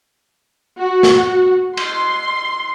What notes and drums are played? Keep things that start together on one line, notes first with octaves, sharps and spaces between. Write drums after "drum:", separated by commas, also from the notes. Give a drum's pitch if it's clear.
F#4
drum: snare
C6, drum: cymbal